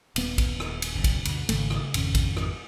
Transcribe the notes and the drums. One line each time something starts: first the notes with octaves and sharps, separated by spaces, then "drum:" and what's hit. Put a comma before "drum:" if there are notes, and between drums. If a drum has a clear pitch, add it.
D#1 B3, drum: cymbal
drum: kick, cymbal
drum: rim click
drum: cymbal
F#1 A#2
drum: kick, cymbal
D2 G2 B2, drum: cymbal
G#1 C#3 A3, drum: cymbal
drum: rim click
G#1 F2 C#4, drum: cymbal
drum: kick, cymbal
drum: rim click